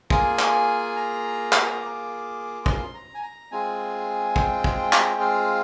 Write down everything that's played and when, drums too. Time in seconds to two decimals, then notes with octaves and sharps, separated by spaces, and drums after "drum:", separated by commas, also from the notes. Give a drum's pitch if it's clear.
0.10 A#3 F4 G#4 G#5, drum: kick
0.39 drum: clap
0.96 A#5
1.53 drum: clap
1.81 D6
2.66 C6, drum: kick
2.94 A#5
3.15 G#5
3.22 A#5
3.51 G#3 C4 F4 G#4 G#5
4.36 G5, drum: kick
4.64 drum: kick
4.93 drum: clap
5.21 F5